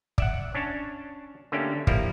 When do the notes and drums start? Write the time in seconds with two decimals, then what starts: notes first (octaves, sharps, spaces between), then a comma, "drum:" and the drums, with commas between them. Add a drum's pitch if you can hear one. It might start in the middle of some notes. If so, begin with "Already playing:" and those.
0.18 D5 E5 F#5, drum: kick
0.54 C#4 D4 C#5 A5
1.52 D3 A3 A#3 C#4 D4 G4
1.87 F3 G3 A#3 E4, drum: kick